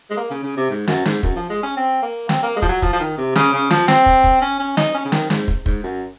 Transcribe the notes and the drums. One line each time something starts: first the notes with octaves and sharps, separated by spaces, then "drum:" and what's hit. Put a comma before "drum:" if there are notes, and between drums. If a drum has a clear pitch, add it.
G#3
A#3
C#3
C#3
C3
G#2
F#2, drum: snare
G#2, drum: snare
F#2, drum: kick
F3
G#3
C#4
C4
A#3
C4, drum: snare
A#3
G#3
F3, drum: kick
F#3
F3, drum: kick
F3
D#3
C3
C#3, drum: snare
C#3
F3, drum: snare
C4, drum: snare
drum: kick
drum: kick
C#4
C#4
D#4, drum: snare
C#4
C#3
D#3, drum: snare
G#2, drum: snare
drum: kick
G#2, drum: kick
F#2